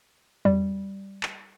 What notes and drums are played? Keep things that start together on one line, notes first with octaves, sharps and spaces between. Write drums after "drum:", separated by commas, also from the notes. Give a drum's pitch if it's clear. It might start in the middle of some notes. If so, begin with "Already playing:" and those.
G3, drum: tom E2
drum: clap